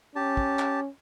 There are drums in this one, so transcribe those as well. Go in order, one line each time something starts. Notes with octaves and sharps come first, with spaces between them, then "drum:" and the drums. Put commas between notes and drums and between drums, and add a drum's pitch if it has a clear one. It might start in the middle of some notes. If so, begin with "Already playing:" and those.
C#4 G4 A5
drum: kick
drum: clap